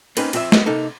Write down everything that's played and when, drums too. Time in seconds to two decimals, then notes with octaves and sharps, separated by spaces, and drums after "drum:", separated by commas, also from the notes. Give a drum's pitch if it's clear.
0.17 A#3 C4 C#4 D#4 B4, drum: cymbal
0.33 F2 C4 F4 C5 E5, drum: cymbal
0.52 B3 D#5, drum: snare
0.66 C3 A#3 D#4 A4